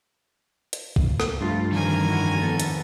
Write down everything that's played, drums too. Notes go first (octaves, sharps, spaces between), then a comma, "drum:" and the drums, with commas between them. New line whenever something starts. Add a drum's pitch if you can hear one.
drum: hi-hat
drum: kick
drum: rim click
G2 F3 A3 F4
F2 D#3 E3 G3 C4 A#4 G#5
E4 F#4
F3 B3 A4
drum: hi-hat